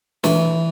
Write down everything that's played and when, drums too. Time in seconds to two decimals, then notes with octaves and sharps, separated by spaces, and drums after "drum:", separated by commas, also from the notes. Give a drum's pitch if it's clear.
0.24 E3, drum: snare